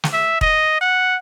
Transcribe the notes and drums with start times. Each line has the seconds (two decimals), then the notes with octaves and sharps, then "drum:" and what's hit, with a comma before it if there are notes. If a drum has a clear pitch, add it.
0.04 drum: snare
0.13 E5
0.41 D#5, drum: kick E1
0.81 F#5